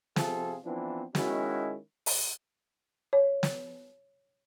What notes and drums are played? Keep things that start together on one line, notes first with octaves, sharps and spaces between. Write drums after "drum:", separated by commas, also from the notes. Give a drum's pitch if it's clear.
C3 F3 C4 F4 G#4 A4, drum: snare
E3 F3 B3 C4 D4 E4
D#3 G#3 C#4 E4 F#4, drum: snare
drum: open hi-hat
C#5
drum: snare